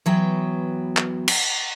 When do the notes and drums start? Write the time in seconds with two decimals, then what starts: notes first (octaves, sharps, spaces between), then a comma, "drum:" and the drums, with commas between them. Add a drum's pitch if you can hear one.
0.06 E3 F#3 B3 G5
0.97 drum: clap
1.28 drum: cymbal